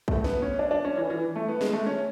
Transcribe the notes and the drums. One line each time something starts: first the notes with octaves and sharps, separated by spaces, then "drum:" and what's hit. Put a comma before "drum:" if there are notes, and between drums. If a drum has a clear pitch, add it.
A3, drum: kick
B3, drum: snare
C#4
D4
D4
C#4
E3
E3
A3
B3
G#3, drum: snare
A3
C#4